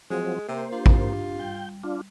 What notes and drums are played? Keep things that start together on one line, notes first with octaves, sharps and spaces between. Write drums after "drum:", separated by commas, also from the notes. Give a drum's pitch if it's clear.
F3 F#3 G#3 C4
C3 A#3 C5
D4 F4 G4
drum: kick A1
G3 G5
D4 F4